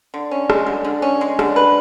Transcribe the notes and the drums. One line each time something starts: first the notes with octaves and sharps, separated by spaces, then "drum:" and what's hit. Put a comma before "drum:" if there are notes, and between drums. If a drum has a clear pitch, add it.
D3
C#4
G#3, drum: rim click
D3
D3
C#4
G#3
D3, drum: rim click
B4